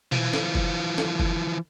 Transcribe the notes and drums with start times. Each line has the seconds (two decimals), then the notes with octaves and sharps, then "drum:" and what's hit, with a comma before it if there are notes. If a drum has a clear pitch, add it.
0.12 E3 F3, drum: tom B2
0.33 drum: snare
0.55 drum: kick F1
0.98 drum: snare
1.20 drum: kick F1